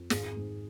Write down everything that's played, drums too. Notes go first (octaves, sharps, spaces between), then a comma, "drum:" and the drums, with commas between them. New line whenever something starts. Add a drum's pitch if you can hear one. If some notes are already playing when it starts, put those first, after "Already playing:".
Already playing: F2
G#1 G#4, drum: snare
G#2